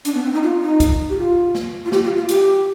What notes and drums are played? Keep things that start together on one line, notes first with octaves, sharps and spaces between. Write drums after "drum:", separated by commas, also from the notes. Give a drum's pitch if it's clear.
D4, drum: hi-hat
B3
C4
D#4
F4
D#4
drum: kick, hi-hat
G4
F4
drum: snare
F4
G4, drum: snare
F4
F4
G4, drum: hi-hat